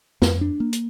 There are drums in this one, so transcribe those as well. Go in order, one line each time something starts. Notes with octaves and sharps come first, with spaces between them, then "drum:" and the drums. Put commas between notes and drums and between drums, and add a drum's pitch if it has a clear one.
F2, drum: snare
D4
A#3
drum: hi-hat